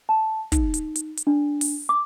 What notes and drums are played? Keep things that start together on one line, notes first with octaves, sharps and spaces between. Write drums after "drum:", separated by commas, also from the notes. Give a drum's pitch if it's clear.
A5
D#4, drum: kick, hi-hat
drum: hi-hat
drum: hi-hat
drum: hi-hat
D4
drum: open hi-hat
D6